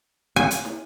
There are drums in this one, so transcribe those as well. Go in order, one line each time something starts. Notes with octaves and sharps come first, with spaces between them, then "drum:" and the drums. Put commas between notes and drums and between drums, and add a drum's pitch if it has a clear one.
G#5
drum: hi-hat
drum: snare